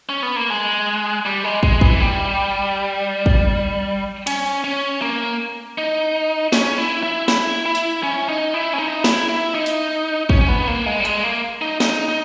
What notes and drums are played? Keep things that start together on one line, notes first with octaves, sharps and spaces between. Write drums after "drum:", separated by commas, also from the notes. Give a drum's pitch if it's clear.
C#4
B3
A#3
G#3
G3
G#3
G#3, drum: kick
E3, drum: kick
G3
drum: kick
C#4, drum: cymbal
C#4
A#3
D#4
C#4, drum: snare
E4
E4
E4, drum: snare
E4
drum: tambourine
C#4
D#4
E4
C#4
D#4
E4, drum: snare
E4
D#4
drum: tambourine
C#4, drum: kick
C#4
B3
A#3
G#3
G3
G#3, drum: hi-hat
A#3
D#4
D#4, drum: snare
D#4